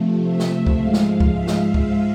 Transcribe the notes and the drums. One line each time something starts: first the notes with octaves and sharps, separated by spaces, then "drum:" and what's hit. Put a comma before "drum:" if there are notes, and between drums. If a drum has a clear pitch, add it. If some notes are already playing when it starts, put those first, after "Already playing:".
Already playing: C3 F3 A3
E5
drum: snare
drum: kick C#2
G#2 F3 G#3 F5
drum: snare
drum: kick C#2
E5
drum: snare
drum: kick C#2